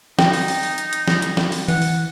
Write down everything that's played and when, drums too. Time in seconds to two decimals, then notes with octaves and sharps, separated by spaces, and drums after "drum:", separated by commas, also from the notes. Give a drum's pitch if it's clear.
0.19 D#4 G5, drum: snare
0.33 drum: open hi-hat
0.48 drum: open hi-hat
0.63 drum: open hi-hat
0.78 drum: hi-hat
0.93 drum: hi-hat
1.08 drum: snare
1.22 drum: hi-hat
1.37 drum: snare
1.52 drum: open hi-hat
1.68 E3 F#5, drum: open hi-hat
1.82 drum: open hi-hat